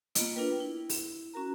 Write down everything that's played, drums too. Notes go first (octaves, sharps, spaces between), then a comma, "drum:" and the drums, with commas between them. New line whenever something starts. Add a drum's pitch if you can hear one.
A#3 B3 F4 D#5, drum: hi-hat
D4 F4 A#4 B4 G5
E4
drum: open hi-hat
C#4 F#4 A#4 A#5